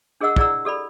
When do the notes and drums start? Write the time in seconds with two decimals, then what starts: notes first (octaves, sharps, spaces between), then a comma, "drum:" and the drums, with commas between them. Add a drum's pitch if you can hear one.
0.21 D4 G#4 A#4 D#5 F#5 E6
0.36 E4 G#4 D5 F#5 A#5 E6, drum: kick
0.65 G4 A4 D5 B5